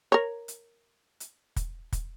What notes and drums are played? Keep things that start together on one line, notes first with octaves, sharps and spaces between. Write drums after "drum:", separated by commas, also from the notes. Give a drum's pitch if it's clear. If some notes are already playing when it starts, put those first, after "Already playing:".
A#4 C#5
drum: hi-hat
drum: hi-hat
drum: kick, hi-hat
drum: kick, hi-hat